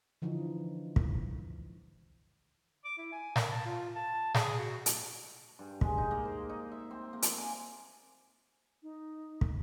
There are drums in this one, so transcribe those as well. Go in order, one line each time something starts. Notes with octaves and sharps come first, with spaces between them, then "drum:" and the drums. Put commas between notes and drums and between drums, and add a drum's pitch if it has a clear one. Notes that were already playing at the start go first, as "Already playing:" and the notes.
D3 E3 F3 D#4
drum: kick
D6
E4
G#5
A#4, drum: snare
A5
F4
A5
G#4, drum: snare
F#4
drum: hi-hat
G2
G#3, drum: kick
D#4
A#3
C5
D#4
E5
C4
A#3
drum: hi-hat
G#5
D#4
drum: kick